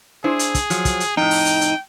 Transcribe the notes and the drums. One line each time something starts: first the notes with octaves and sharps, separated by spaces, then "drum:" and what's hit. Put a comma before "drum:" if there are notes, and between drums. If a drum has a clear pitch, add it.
D4 E4 G#4 C5
drum: hi-hat
drum: kick, hi-hat
F3 F#3, drum: hi-hat
drum: kick, hi-hat
drum: hi-hat
F2 A2 D#4 G5
drum: open hi-hat
drum: hi-hat
drum: hi-hat